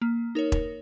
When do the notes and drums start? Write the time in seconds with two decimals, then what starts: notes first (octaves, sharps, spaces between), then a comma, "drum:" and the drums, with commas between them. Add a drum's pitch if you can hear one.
0.02 A#3
0.35 D#4 A#4 C#5
0.52 drum: kick E1